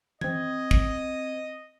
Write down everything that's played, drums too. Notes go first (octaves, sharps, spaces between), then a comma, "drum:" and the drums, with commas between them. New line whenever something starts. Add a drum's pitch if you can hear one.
C4 D#5 G#6, drum: tom E3
drum: kick